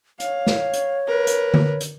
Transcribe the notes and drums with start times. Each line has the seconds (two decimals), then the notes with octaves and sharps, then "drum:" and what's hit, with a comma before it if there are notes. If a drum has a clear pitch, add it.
0.20 C#5 F5, drum: hi-hat
0.47 drum: snare
0.73 drum: hi-hat
1.07 A#4 B4
1.27 drum: hi-hat
1.54 drum: tom D3
1.80 drum: hi-hat